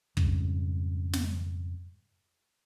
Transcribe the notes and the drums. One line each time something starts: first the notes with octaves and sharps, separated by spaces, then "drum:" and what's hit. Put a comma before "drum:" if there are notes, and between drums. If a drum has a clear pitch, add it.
F2 G#2 C#3 G3, drum: kick
drum: snare